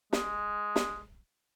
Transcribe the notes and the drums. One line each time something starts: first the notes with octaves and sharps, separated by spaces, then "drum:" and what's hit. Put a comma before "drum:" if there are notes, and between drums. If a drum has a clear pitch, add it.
G#3, drum: snare
drum: snare